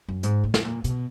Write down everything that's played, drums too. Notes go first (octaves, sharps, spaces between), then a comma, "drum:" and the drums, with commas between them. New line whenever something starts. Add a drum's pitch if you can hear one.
F#2
G#2, drum: hi-hat
A2
drum: snare
A#2
B2, drum: hi-hat